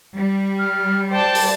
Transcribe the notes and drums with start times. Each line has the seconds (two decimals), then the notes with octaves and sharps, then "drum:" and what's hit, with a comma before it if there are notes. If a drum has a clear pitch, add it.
0.16 G3
0.59 F6
1.11 C5 D5 G5 A5
1.35 drum: open hi-hat